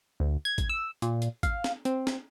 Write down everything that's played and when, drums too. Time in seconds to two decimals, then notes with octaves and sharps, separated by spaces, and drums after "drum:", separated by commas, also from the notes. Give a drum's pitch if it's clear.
0.20 D2
0.45 G#6
0.58 drum: kick, hi-hat
0.69 E6
1.02 A#2, drum: hi-hat
1.22 drum: hi-hat
1.43 F5, drum: kick, hi-hat
1.64 drum: snare
1.85 C4, drum: hi-hat
2.07 drum: snare